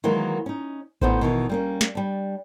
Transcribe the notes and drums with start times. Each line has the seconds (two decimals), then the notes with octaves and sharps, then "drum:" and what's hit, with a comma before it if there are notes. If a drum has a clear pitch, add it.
0.04 D#3 E3 F#3 G#3 A#3
0.46 C#4 D#4
1.01 D2 A2 B3 D#4 C5, drum: kick A1
1.21 B2 D#3 E3
1.49 G3 A#3 C#4
1.81 drum: snare
1.95 G3 D4